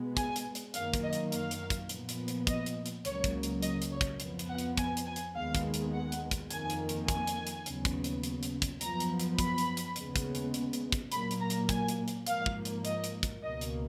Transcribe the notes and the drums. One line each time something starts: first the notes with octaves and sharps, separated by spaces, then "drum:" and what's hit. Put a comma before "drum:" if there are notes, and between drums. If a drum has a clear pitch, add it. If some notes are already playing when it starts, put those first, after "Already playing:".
Already playing: B2 G#3 B3
G#5, drum: kick, hi-hat
drum: hi-hat
drum: hi-hat
F#2 D#3 A#3 F5, drum: hi-hat
drum: kick, hi-hat
D#5
drum: hi-hat
F5, drum: hi-hat
drum: hi-hat
drum: kick, hi-hat
A#2 F3 B3, drum: hi-hat
drum: hi-hat
drum: hi-hat
D#5, drum: kick, hi-hat
drum: hi-hat
drum: hi-hat
C#2 C#3 F#3 A#3 C#5, drum: hi-hat
drum: kick, hi-hat
drum: hi-hat
D#5, drum: hi-hat
drum: hi-hat
C#5
drum: kick, hi-hat
F2 F3 B3, drum: hi-hat
drum: hi-hat
F#5
drum: hi-hat
G#5, drum: kick, hi-hat
drum: hi-hat
G#5
drum: hi-hat
D#2 D#3 G#3 B3 F5
drum: kick, hi-hat
drum: hi-hat
F#5
drum: hi-hat
drum: kick, hi-hat
F2 D#3 A#3 G#5, drum: hi-hat
drum: hi-hat
drum: hi-hat
G#5, drum: kick, hi-hat
drum: hi-hat
drum: hi-hat
D#2 C#3 F#3 B3, drum: hi-hat
drum: kick, hi-hat
drum: hi-hat
drum: hi-hat
drum: hi-hat
drum: kick, hi-hat
F#2 F3 B3 A#5, drum: hi-hat
drum: hi-hat
drum: hi-hat
B5, drum: kick, hi-hat
drum: hi-hat
drum: hi-hat
D#2 C#3 G#3 B3, drum: hi-hat
drum: kick, hi-hat
drum: hi-hat
drum: hi-hat
drum: hi-hat
drum: kick, hi-hat
A#2 F#3 A#3 B5, drum: hi-hat
drum: hi-hat
A#5
drum: hi-hat
G#5, drum: kick, hi-hat
drum: hi-hat
drum: hi-hat
G#2 F3 A#3 F5, drum: hi-hat
drum: kick
drum: hi-hat
D#5, drum: hi-hat
drum: hi-hat
drum: kick, hi-hat
C#2 B2 A#3 D#5
drum: hi-hat